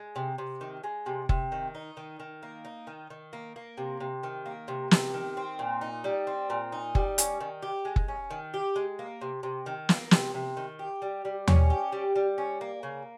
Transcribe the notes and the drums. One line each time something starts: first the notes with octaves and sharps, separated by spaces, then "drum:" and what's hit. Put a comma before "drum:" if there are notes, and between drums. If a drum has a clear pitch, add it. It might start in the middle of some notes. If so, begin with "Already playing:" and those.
Already playing: G#3
C3
C3
D#3
G#3
C3
C3, drum: kick F#1
D#3
D#4
D#3
D#3
A#3
D#4
D#3
D#3
A#3
A#3
C3
C3
D#3
A#3
C3
C3, drum: snare
D#3
C4
A#2
D#4
G3
C4
A#2
D#4
G3, drum: kick F#1
C#4, drum: hi-hat
D#3
G4
G#3
drum: kick F#1
C#4
D#3
G4
G#3
A#3
C3
C3
D#3
A#3, drum: snare
C3, drum: snare
C3
D#3
G4
G3
G3
C#4, drum: tom
G4
G3
G3
C#4
A#3
C#3